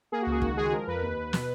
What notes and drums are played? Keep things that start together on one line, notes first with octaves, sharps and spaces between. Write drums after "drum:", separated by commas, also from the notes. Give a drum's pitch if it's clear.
A#3 G#4
F#4
C#2
G#4
D#3 F#4, drum: kick
G#3 G#4
F3 A#4
F2 B4
D#2
D#2
B2, drum: snare